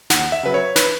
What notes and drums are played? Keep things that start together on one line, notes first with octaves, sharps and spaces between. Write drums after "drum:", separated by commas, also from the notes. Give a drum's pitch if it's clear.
D#2 F#5, drum: snare
E5
C#3 F#3 B4
C#5
B4, drum: snare